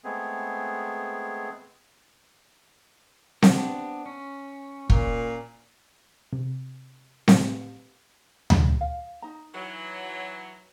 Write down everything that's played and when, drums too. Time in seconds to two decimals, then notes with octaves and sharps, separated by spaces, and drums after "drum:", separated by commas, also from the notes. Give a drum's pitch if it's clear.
0.04 G#3 A3 B3 C4 G#4
3.42 B3 C4 D4, drum: snare C4
4.06 C#4
4.90 A#2, drum: kick
6.33 C3
7.28 A2, drum: snare C4
8.50 drum: tom D2
8.81 F5
9.22 D#4 A#5
9.54 E3 F#3